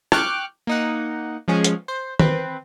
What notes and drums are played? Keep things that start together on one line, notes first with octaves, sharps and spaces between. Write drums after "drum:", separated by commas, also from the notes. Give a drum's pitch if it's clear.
G5 C#6 D6 F6 F#6, drum: rim click
A#3 D#4 F#5
F3 G#3 C#4 G#4
drum: hi-hat
C5
C4 B4, drum: tom D#3